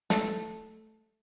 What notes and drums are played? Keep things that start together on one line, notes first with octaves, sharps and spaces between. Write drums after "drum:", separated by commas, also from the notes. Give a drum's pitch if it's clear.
A3, drum: snare